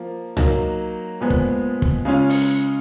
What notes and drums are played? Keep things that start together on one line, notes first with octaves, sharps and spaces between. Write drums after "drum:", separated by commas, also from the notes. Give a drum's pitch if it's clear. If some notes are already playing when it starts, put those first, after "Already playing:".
Already playing: F3 A#3
F#3 A#3 D#4, drum: tom
A#2 F3 G#3 B3
drum: kick
drum: kick
C#3 G#3 C#4 F4
drum: open hi-hat